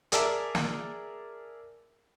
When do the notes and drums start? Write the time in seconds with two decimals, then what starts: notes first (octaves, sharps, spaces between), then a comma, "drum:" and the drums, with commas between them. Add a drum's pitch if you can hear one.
0.12 G#4 A#4 D5 E5 A5, drum: hi-hat
0.55 drum: snare